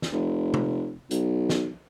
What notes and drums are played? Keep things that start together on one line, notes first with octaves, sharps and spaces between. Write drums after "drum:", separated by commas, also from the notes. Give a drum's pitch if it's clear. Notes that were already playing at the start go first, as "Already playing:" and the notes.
drum: snare
F1
drum: tom C3
B1, drum: hi-hat
drum: snare